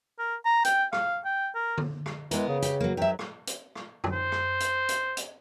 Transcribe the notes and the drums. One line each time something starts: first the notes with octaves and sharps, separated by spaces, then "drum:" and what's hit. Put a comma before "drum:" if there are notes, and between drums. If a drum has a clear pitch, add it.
A#4
A#5
G5, drum: hi-hat
F5, drum: rim click
G5
A#4
drum: tom D3
drum: rim click
E3 G#3 B3 A#4, drum: hi-hat
C#3
G4, drum: hi-hat
F#3 A#3
G#2 D#3 F#3 G4 E5
drum: rim click
drum: hi-hat
drum: rim click
drum: tom F#2
C5
drum: rim click
drum: hi-hat
drum: hi-hat
drum: hi-hat